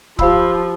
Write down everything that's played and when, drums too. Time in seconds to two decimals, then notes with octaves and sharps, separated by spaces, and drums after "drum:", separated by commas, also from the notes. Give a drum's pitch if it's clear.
0.19 F3 G4 C5 F5 B5 E6, drum: kick C#1